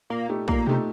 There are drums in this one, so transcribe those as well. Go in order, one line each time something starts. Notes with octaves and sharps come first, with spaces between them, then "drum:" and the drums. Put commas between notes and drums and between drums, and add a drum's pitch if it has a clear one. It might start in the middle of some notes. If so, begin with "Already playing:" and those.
A#2 A#3
A3 D#4 G4
A#2 A#3, drum: kick
C3 A3 D#4 G4